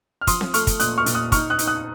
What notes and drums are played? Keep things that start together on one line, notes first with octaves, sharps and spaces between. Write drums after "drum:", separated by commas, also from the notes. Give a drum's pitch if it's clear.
F6
F3 C6 D#6, drum: kick, hi-hat
drum: snare C4
A3 C#6 F6, drum: hi-hat
drum: kick, hi-hat
A#2 D#6 F#6, drum: hi-hat
C#6 F6
A#2, drum: hi-hat
D#6 F#6
D#4 C#6 F6, drum: kick, hi-hat
D#6 F#6
D#4, drum: hi-hat
D#6 F#6